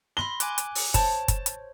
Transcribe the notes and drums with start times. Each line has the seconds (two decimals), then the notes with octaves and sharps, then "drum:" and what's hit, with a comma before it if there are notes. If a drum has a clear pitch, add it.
0.17 B5 C6 A#6 G7
0.40 G#5 D6 F#6, drum: hi-hat
0.58 drum: hi-hat
0.75 drum: open hi-hat
0.94 C5 C#5 A5, drum: kick F#1, hi-hat
1.28 drum: kick F#1, hi-hat
1.46 drum: hi-hat